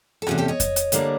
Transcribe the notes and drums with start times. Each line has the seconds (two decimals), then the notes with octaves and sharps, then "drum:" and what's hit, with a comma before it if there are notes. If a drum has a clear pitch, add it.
0.22 A4
0.27 E2 C3 F3 A3 C#4 F#4 G#4, drum: rim click
0.38 G4 A4
0.48 C#5 D#5
0.60 drum: kick F2, hi-hat
0.76 drum: hi-hat
0.92 D3 G3 A#3 D4, drum: hi-hat